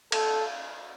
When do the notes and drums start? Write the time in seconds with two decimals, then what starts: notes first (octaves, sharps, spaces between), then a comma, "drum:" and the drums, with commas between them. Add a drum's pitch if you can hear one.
0.12 A4, drum: cymbal